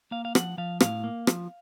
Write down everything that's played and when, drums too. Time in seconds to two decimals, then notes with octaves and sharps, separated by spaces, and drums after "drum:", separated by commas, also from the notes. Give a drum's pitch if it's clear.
0.11 A#3 F5
0.25 F5
0.35 F3 F#5, drum: rim click
0.58 F3 F5
0.80 A2 F5, drum: rim click
1.04 A#3
1.27 F3, drum: rim click